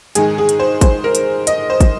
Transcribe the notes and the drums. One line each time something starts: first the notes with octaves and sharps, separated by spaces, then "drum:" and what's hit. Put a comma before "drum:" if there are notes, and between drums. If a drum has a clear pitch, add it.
G#2 D#3 G#3 G#4, drum: hi-hat
G#4
drum: hi-hat
C5
C5, drum: kick, hi-hat
A#4
drum: hi-hat
D#5, drum: hi-hat
C5
drum: kick, hi-hat